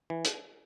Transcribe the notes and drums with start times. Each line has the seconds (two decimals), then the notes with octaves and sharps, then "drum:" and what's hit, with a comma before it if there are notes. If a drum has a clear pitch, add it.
0.10 E3
0.25 drum: hi-hat